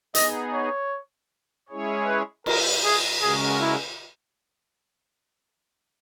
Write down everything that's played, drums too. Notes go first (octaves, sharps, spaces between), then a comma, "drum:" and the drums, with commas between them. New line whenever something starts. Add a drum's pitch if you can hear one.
B3 D#4 G#4 D#5, drum: hi-hat
C#5
G#3 C#4 E4 G#4 C#5
B4
A#4, drum: cymbal
G#4
C#3 G#3 C#4 F#4 G#4 A#4
E4